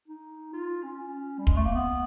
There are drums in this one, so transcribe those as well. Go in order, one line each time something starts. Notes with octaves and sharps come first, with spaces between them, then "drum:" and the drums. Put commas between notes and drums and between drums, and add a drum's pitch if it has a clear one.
D#4
F4
C#4
G3
G#3, drum: kick
A3
A#3
B3